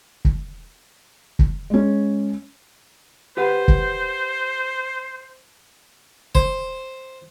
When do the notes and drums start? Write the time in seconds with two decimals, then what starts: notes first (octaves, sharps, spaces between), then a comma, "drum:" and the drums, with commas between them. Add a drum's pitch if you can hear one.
0.25 drum: kick
1.39 drum: kick
1.70 G#3 C#4
3.37 G4 B4 C5 F#5
3.68 drum: kick
6.35 C5, drum: kick